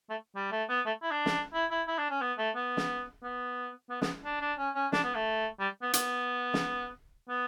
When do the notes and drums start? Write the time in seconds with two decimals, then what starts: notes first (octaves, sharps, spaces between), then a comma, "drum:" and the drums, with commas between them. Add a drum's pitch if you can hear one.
0.10 A3
0.36 G3
0.52 A3
0.69 B3
0.86 A3
1.03 E4
1.11 D4
1.26 drum: snare
1.54 E4
1.71 E4
1.87 E4
1.98 D4
2.10 C#4
2.21 B3
2.38 A3
2.55 B3
2.77 drum: snare
3.23 B3
3.90 B3
4.02 B3, drum: snare
4.25 D4
4.41 D4
4.58 C#4
4.75 C#4
4.92 D4, drum: snare
5.04 B3
5.15 A3
5.60 G3
5.82 B3
5.93 B3, drum: hi-hat
6.54 drum: snare
7.29 B3